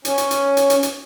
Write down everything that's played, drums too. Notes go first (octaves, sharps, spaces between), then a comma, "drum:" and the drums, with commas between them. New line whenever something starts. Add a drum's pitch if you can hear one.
C#4, drum: hi-hat
drum: hi-hat
drum: hi-hat
drum: hi-hat
drum: hi-hat
drum: hi-hat